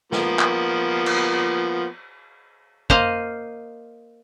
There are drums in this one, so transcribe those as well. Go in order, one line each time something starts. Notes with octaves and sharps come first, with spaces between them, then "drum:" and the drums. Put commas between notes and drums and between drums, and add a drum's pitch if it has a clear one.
F3 A#3 B3, drum: snare
drum: clap
drum: cymbal
A#3 C5 D#5 F5, drum: kick